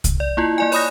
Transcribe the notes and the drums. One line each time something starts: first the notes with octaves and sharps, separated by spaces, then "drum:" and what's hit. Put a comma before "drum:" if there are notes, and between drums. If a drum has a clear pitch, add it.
drum: kick C2, hi-hat
D5
A#3 E4 F4
A#3 D5 G#5
C#5 D5 B5 D#6 F#6 A#6, drum: open hi-hat